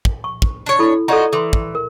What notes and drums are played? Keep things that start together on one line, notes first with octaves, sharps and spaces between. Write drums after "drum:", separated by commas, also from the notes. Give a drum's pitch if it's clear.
drum: kick
C#6
drum: kick
D4 C#5
E4 A4 B5
D#4 F4 F#4 A4 D5 A#5
E3 A4 C6
drum: kick
A#4